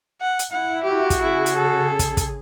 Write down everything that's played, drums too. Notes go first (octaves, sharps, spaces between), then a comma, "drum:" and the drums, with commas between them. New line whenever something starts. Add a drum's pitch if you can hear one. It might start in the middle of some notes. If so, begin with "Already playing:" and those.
F#5
drum: hi-hat
E4 F#5
F#4 G4
drum: kick, hi-hat
C#3 E4 G#4
drum: hi-hat
A4
drum: kick, hi-hat
drum: kick, hi-hat